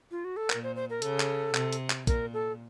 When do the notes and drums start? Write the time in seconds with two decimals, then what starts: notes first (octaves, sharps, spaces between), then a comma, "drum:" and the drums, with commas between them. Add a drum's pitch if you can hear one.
0.11 F4
0.25 F#4
0.37 A4
0.50 A#2 A#4, drum: clap
0.63 C5
0.76 C5
0.90 A#4
1.02 C#3 A4, drum: hi-hat
1.20 drum: clap
1.54 C3, drum: clap
1.73 drum: hi-hat
1.90 drum: clap
2.07 A#2 A#4, drum: kick A#1, hi-hat
2.34 A4